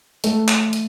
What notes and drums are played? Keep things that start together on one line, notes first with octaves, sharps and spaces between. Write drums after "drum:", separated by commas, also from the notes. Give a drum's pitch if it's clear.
A3, drum: hi-hat
drum: clap
drum: hi-hat